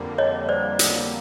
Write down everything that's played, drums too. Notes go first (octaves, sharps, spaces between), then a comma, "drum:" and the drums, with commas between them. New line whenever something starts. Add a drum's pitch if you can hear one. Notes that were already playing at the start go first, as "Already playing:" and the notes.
Already playing: F2 D3 G3 A#3
C#5 D#5
C5 D5
drum: hi-hat